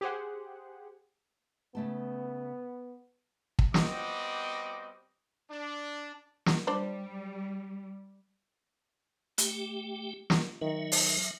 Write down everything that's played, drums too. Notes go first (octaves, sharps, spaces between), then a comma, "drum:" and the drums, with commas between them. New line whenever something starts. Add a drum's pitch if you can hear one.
G4 G#4 C5 F#5
C#3 A3 B3 A5
drum: kick
G3 B3 C4 F#4 D#5 D6, drum: snare
D4
drum: snare
G3 D4 C5 D5
A3 G4 G5, drum: hi-hat
drum: snare
D#3 F#3 E5
drum: open hi-hat